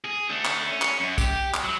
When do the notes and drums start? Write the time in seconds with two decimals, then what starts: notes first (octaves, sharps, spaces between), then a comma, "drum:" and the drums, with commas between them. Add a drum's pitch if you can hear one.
0.04 G#4
0.30 D3 A3
0.45 drum: clap
0.68 C#4
0.82 drum: clap
1.00 F#2
1.18 G4, drum: kick, tambourine
1.54 drum: clap
1.64 F#3